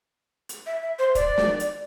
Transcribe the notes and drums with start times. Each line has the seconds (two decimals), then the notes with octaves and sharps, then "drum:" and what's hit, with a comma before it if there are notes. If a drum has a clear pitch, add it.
0.49 drum: hi-hat
0.66 E5
0.82 E5
0.99 C5
1.15 D5, drum: kick D#1, hi-hat
1.38 drum: snare
1.60 drum: hi-hat